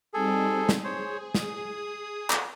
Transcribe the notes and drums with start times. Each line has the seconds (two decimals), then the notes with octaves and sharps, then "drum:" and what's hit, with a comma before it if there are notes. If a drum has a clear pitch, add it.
0.14 G3 C4 D#4 G#4 A4
0.69 drum: snare
0.84 G#4 C5 C#5
1.34 D#6, drum: snare
2.30 drum: clap